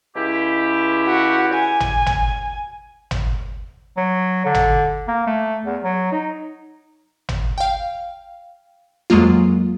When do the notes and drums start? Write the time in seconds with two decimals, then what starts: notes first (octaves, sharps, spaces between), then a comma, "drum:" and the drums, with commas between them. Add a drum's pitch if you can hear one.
0.16 C#2 E4 G4
1.07 F#4
1.54 G#5
1.80 drum: tom
2.06 drum: tom
3.11 drum: tom
3.97 F#3
4.45 D3
4.54 drum: tom
5.08 A#3
5.27 A3
5.65 E2
5.83 F#3
6.12 D#4
7.29 drum: tom
7.58 F5 G5
9.10 F2 F#3 G#3 A#3 F4